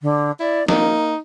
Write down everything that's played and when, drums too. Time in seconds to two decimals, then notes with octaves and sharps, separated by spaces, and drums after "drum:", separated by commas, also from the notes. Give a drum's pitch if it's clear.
0.02 D3
0.40 E4 D5
0.68 A#3 D#4, drum: snare